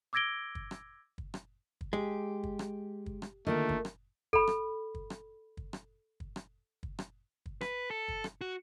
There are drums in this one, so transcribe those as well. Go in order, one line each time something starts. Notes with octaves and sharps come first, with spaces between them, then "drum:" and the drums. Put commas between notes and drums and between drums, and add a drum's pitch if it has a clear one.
D6 E6 G#6 A#6 D7 G7
drum: kick
drum: rim click
drum: kick
drum: rim click
drum: kick
G#3 G4
drum: kick
drum: rim click
drum: kick
drum: rim click
D3 D#3 A3 A#3 F4 A#4 D#5
drum: kick
drum: rim click
A4 B5, drum: kick
drum: rim click
drum: kick
drum: rim click
drum: kick
drum: rim click
drum: kick
drum: rim click
drum: kick
drum: rim click
drum: kick
B4, drum: rim click
A4
drum: kick
drum: rim click
F#4